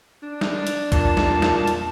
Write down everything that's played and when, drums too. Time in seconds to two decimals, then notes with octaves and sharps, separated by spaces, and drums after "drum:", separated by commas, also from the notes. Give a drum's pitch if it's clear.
0.23 D4
0.41 drum: snare
0.67 drum: hi-hat
0.92 E2 A#2 A5, drum: kick A#1, hi-hat
1.17 drum: snare
1.42 drum: snare
1.67 drum: hi-hat